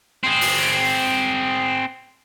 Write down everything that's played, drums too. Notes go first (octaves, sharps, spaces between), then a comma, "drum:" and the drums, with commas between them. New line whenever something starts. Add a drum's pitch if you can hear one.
C4 G#4
drum: open hi-hat